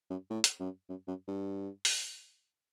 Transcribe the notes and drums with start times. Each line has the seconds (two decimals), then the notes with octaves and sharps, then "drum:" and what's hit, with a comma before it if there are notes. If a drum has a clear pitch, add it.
0.10 F#2
0.30 A2
0.44 drum: hi-hat
0.60 F#2
0.89 F#2
1.08 F#2
1.28 G2
1.85 drum: open hi-hat